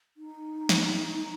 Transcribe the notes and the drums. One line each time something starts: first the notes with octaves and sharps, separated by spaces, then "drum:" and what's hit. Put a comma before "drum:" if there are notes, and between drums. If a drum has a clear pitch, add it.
D#4
drum: snare